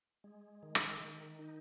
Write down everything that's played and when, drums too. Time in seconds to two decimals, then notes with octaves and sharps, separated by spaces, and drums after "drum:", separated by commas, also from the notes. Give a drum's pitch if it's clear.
0.24 G#3
0.63 D#3
0.75 drum: rim click
1.00 D#3
1.39 D#4